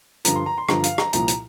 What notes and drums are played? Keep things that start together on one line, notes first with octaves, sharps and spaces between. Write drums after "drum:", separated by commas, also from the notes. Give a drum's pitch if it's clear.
G2 D3 F3 A#5, drum: hi-hat
C6
A#5
C6
G2 D3 F3 A#5, drum: rim click
F5, drum: hi-hat
A#5, drum: rim click
C2 A#2 F3 A#5, drum: hi-hat
drum: hi-hat